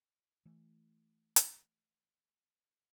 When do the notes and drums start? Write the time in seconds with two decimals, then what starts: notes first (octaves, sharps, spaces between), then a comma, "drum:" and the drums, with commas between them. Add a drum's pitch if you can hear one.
0.45 E3 A3
1.36 drum: hi-hat